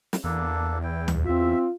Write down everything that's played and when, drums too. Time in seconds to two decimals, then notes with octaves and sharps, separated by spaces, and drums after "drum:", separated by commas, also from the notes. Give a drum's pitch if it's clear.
0.13 drum: snare
0.24 E2 A#3 D4 A4
0.83 E4 G5
1.08 drum: tom D2
1.25 C4 F4 E5